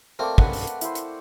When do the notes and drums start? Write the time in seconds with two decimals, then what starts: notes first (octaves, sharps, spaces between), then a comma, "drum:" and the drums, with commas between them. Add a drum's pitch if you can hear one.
0.19 A3 A#3 C4 D5
0.38 B4 F#5, drum: kick
0.53 drum: open hi-hat
0.67 drum: hi-hat
0.81 E4 C5, drum: hi-hat
0.95 drum: hi-hat